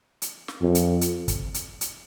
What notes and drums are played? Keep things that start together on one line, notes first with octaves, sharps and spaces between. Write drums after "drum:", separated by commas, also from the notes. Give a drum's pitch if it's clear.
drum: hi-hat
drum: snare
F2
drum: hi-hat
drum: hi-hat
drum: kick, hi-hat
drum: hi-hat
drum: hi-hat